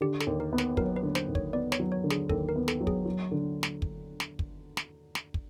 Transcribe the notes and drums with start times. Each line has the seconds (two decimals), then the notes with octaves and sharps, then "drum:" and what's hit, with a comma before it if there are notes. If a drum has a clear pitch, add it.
0.01 D3 G4
0.20 A4, drum: snare
0.27 D#2
0.40 A#4
0.53 B3
0.58 B4, drum: snare
0.77 F#3 A#4, drum: kick
0.96 B4
1.03 D3
1.15 C5, drum: snare
1.28 D#2
1.35 C#5, drum: kick
1.53 B3 D5
1.72 C#5, drum: snare
1.80 F#3
1.92 C#5
2.04 D3
2.10 G#4, drum: snare
2.29 D#2 A4, drum: kick
2.49 A#4
2.56 B3
2.68 A4, drum: snare
2.81 F#3
2.87 G#4, drum: kick
3.06 F#3
3.32 D3
3.63 drum: snare
3.82 drum: kick
4.20 drum: snare
4.39 drum: kick
4.77 drum: snare
5.15 drum: snare
5.34 drum: kick